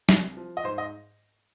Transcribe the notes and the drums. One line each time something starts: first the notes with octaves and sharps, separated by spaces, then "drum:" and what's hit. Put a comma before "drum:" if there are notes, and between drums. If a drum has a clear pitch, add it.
C2, drum: snare
F3
D#5
G#2 C5
D#5